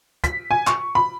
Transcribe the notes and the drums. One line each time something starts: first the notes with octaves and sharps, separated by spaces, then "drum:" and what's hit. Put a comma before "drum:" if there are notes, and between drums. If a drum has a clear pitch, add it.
B6, drum: kick, hi-hat
G#5
C#6, drum: clap
B5